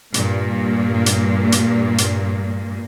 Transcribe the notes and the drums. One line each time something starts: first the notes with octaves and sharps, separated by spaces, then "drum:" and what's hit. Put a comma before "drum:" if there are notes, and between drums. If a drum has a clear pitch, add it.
G2 A#2 A#3, drum: hi-hat
drum: hi-hat
drum: hi-hat
drum: hi-hat